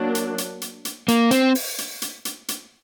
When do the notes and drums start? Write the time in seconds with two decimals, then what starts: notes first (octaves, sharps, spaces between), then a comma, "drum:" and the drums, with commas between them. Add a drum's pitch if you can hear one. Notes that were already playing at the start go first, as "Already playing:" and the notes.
Already playing: F#3 A#3 D4
0.15 drum: hi-hat
0.38 drum: hi-hat
0.62 drum: hi-hat
0.85 drum: hi-hat
1.08 A#3, drum: hi-hat
1.31 C4, drum: hi-hat
1.55 drum: open hi-hat
1.78 drum: hi-hat
2.02 drum: hi-hat
2.25 drum: hi-hat
2.48 drum: hi-hat